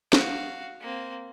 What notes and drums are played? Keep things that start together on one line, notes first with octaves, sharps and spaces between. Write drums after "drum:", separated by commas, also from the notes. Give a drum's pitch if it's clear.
F#4 F5, drum: snare
A#3 C4